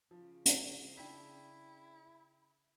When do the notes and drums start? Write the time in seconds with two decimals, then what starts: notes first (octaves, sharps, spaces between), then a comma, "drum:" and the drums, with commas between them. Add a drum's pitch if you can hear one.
0.11 C#3 F3
0.46 drum: hi-hat
0.97 D4 E4 G5 B6